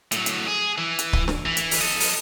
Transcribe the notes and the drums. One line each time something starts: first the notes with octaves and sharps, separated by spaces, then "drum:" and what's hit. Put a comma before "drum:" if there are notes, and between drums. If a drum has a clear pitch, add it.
A2 F#3, drum: hi-hat
drum: hi-hat
G#4
E3
drum: hi-hat
drum: kick
drum: snare D4
E3
drum: hi-hat
drum: open hi-hat
A4 D#5
drum: open hi-hat